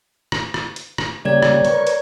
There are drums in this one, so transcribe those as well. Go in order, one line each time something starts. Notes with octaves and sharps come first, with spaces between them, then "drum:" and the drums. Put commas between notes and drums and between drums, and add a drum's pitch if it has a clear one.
drum: rim click
drum: rim click
drum: hi-hat
drum: rim click
C#3 G3 A#3 C#5 D5 G#6
drum: rim click
A#4 B4 C#6, drum: hi-hat
drum: hi-hat